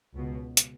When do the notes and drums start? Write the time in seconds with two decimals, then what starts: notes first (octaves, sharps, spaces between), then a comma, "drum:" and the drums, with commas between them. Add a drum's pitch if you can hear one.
0.15 C#2 B2
0.57 drum: hi-hat